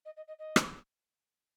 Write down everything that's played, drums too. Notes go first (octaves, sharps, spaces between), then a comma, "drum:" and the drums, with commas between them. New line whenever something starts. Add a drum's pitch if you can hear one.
D#5
D#5
D#5
D#5
drum: rim click